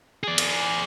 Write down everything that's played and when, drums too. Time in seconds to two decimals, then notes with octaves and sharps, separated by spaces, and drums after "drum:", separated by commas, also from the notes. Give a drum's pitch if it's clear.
0.23 G#4 D5
0.38 drum: cymbal